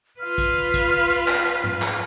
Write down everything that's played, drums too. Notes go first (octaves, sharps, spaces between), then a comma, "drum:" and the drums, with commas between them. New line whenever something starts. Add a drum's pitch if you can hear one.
F4 B4 F6
drum: kick, hi-hat
drum: kick, hi-hat
drum: hi-hat
drum: clap
drum: hi-hat
drum: tom G#2
drum: clap